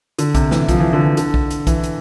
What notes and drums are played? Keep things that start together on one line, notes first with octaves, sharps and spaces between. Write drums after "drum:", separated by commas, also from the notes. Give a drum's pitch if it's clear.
D3, drum: hi-hat
C3, drum: kick B1, hi-hat
E3, drum: snare
F3, drum: kick B1, hi-hat
E3
D3
E3
D3, drum: hi-hat
drum: kick B1
drum: hi-hat
E3, drum: kick B1, hi-hat
drum: hi-hat